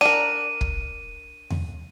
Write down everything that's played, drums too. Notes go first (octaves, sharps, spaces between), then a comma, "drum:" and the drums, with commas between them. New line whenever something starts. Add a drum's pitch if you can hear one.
D4 A#4 D#7
drum: kick
drum: tom E2